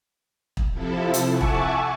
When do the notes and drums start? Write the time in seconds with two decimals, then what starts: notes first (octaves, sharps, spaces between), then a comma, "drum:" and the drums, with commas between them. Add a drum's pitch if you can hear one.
0.57 drum: kick
0.71 C3 F3 E4 A4
1.14 drum: hi-hat
1.29 E5 F#5 G#5 A5 C#6 D6
1.41 drum: kick